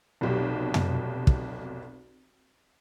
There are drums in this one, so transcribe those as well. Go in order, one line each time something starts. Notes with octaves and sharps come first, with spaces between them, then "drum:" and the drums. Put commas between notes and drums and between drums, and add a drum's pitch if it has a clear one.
F1 B1 G4
drum: tom
drum: kick